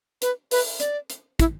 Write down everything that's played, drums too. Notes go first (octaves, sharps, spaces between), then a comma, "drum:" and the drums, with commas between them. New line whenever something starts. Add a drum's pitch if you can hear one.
B4, drum: hi-hat
B4, drum: open hi-hat
D5, drum: hi-hat
drum: hi-hat
E4, drum: kick, hi-hat